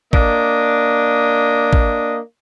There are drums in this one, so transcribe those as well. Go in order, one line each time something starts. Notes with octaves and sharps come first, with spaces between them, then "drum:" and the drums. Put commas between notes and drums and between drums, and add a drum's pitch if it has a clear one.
A#3 D4 D#5, drum: kick
drum: kick